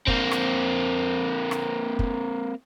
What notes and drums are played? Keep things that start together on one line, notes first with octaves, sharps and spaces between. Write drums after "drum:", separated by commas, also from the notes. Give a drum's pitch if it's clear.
A#3 C4, drum: kick
drum: rim click
drum: rim click
drum: kick